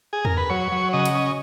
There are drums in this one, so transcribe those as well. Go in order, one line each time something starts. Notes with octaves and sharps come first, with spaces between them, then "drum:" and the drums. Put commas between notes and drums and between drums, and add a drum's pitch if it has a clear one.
G#4
A#4, drum: tom E2
B4
F#3 C#5
F#3
C#3 D#5
drum: hi-hat
C#4